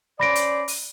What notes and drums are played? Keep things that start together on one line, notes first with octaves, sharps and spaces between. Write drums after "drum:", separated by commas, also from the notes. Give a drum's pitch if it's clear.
C#4 C5 D5 B5 A#6 D7
drum: hi-hat
drum: open hi-hat